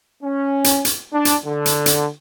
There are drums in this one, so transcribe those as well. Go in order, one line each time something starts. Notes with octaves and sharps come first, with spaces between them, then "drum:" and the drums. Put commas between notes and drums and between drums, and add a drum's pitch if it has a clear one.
C#4
drum: hi-hat
drum: hi-hat
D4
drum: hi-hat
D3
drum: hi-hat
drum: hi-hat